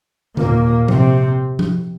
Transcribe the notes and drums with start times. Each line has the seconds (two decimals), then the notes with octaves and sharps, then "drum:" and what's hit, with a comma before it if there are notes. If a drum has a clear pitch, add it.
0.37 D#2 A#2 A#3, drum: tom D3
0.88 C3 C4, drum: tom F3
1.59 drum: tom F3